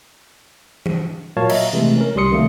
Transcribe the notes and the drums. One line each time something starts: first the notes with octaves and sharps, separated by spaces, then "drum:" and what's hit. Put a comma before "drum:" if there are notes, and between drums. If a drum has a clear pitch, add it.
drum: tom
A#2 F#3 A#4 C#5 F5 A5
D#5 E5 A#5, drum: cymbal
C3 E3 G#3 A3
C#4 A#4
C2 G3 G4 C6 D#6 C#7
C3 D#3 F#3 A3 A#3